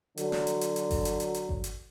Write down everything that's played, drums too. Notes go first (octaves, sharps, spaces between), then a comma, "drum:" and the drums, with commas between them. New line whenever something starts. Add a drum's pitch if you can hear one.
D3 F#3, drum: hi-hat
drum: snare
drum: hi-hat
drum: hi-hat
drum: hi-hat
drum: kick G1, open hi-hat
drum: hi-hat
drum: hi-hat
drum: hi-hat
drum: kick G1
drum: hi-hat